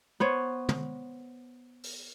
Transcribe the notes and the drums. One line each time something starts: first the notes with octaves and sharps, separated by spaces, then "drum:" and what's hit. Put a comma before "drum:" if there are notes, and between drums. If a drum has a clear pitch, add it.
B3 C5 C#5
drum: tom
drum: open hi-hat